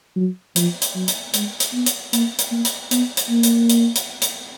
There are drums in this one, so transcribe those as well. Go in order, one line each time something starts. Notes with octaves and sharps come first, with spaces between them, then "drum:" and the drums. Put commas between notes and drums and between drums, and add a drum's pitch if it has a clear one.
F#3
F3, drum: hi-hat
drum: hi-hat
F#3
drum: hi-hat
G#3, drum: hi-hat
drum: hi-hat
B3
drum: hi-hat
A#3, drum: hi-hat
drum: hi-hat
A#3
drum: hi-hat
B3, drum: hi-hat
drum: hi-hat
A#3
drum: hi-hat
drum: hi-hat
drum: hi-hat
drum: hi-hat